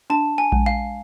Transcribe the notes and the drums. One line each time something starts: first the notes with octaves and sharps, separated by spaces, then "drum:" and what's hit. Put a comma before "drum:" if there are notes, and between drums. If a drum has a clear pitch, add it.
D4 A5
G#5
G#3, drum: kick A#1
F5